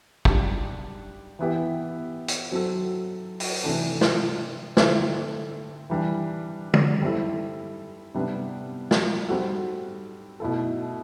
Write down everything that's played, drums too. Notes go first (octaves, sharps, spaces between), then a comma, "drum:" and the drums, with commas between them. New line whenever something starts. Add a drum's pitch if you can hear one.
G3 D4 G4, drum: kick
E3 B3 E4 G4
drum: hi-hat
F#3 C4 F#4 A4
drum: open hi-hat
C3 E3 A3 D4
drum: snare
D3 A3 C4 E4 A4, drum: snare
E3 G3 D4 G4
drum: tom
G3 C4 E4 A4
C3 G3 B3 D4
drum: snare
G3 C4 F#4 A4
B2 A3 E4 A4